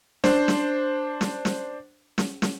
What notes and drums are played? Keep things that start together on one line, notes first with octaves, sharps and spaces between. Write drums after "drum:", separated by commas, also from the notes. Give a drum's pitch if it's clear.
D4 C5, drum: snare
drum: snare
drum: snare
drum: snare
drum: snare
drum: snare